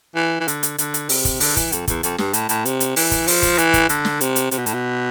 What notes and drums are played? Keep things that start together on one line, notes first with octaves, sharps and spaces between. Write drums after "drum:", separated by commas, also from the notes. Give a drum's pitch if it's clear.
E3
E3
D3, drum: hi-hat
drum: hi-hat
D3, drum: hi-hat
drum: hi-hat
C3, drum: open hi-hat
drum: kick, hi-hat
D3, drum: open hi-hat
E3, drum: kick, hi-hat
F2, drum: hi-hat
E2, drum: kick, hi-hat
F2, drum: hi-hat
G2, drum: snare
A2, drum: hi-hat
A2, drum: hi-hat
C3, drum: hi-hat
drum: hi-hat
E3, drum: open hi-hat
drum: kick, hi-hat
F3, drum: open hi-hat
drum: kick, hi-hat
E3, drum: hi-hat
drum: kick, hi-hat
D3, drum: hi-hat
drum: snare
C3, drum: hi-hat
drum: hi-hat
C3, drum: hi-hat
B2
A2, drum: hi-hat
B2